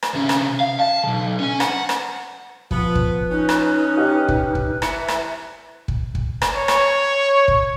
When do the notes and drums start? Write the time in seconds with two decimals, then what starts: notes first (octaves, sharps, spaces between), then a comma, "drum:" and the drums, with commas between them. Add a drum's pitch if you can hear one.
0.03 drum: rim click
0.14 C3 C#4
0.29 drum: rim click
0.60 F5
0.80 A5
1.03 B1 C#3
1.40 C#4 G#5
1.60 F#5, drum: rim click
1.89 drum: rim click
2.71 F3 B3 B4, drum: kick
2.95 drum: kick
3.30 C#4 D#4
3.49 drum: rim click
3.97 G4 D#5 F6
4.29 drum: kick
4.55 drum: kick
4.82 E3 E5 C#7, drum: rim click
5.08 drum: rim click
5.88 drum: kick
6.15 drum: kick
6.42 drum: rim click
6.55 C#5
6.68 drum: rim click
7.48 drum: kick